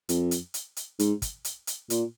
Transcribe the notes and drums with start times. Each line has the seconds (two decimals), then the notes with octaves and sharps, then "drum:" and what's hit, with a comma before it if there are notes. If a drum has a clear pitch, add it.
0.09 F2, drum: hi-hat
0.31 drum: hi-hat
0.54 drum: hi-hat
0.77 drum: hi-hat
0.99 G#2, drum: hi-hat
1.22 drum: kick, hi-hat
1.45 drum: hi-hat
1.67 drum: hi-hat
1.90 A#2, drum: hi-hat